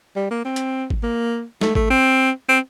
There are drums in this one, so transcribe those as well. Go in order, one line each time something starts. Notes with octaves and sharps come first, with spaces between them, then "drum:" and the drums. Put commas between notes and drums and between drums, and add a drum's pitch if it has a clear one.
G3
A#3
C4
drum: hi-hat
drum: kick G#1
A#3
A3, drum: snare G#3
A3, drum: kick G#1
C4
C4